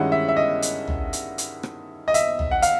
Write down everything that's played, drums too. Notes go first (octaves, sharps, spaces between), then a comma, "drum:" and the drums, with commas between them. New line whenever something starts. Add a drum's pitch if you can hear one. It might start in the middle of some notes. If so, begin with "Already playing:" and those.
Already playing: G2 D#3 G#3 C#4 E4 F#5
E5
E5
D#5
drum: hi-hat
drum: tom
drum: hi-hat
drum: hi-hat
drum: rim click
D#5
E5, drum: hi-hat
drum: tom
F#5
F5, drum: hi-hat